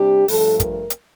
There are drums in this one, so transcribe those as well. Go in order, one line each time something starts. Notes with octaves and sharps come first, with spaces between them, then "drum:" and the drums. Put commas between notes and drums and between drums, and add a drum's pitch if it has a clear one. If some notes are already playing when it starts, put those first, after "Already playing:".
Already playing: C3 G3 D4 G4
G2 F3 A3 A4, drum: open hi-hat
A#4, drum: kick, hi-hat
drum: hi-hat